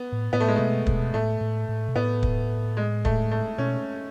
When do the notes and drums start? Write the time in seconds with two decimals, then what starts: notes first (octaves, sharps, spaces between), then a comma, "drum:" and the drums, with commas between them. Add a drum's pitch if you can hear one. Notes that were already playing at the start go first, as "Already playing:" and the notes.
Already playing: B3
0.12 A2
0.33 A2 B3
0.40 A3
0.48 G#3
0.56 B2 A3
0.86 B2, drum: kick
1.14 A2 A3
1.41 A2
1.69 A2
1.89 B2
1.95 A2 B3
2.23 drum: kick
2.77 G#3
3.05 A3, drum: kick
3.31 A3
3.58 B2 C#4